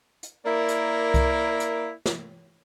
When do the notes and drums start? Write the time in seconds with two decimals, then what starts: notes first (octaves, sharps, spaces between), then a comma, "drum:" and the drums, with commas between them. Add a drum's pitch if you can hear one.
0.23 drum: hi-hat
0.46 A#3 E4 A#4 D5
0.69 drum: hi-hat
1.14 drum: kick C2, hi-hat
1.60 drum: hi-hat
2.06 drum: snare